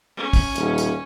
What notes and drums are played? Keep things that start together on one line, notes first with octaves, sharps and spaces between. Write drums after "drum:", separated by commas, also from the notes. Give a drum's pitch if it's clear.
C#4
drum: kick, open hi-hat
D#1, drum: hi-hat
drum: hi-hat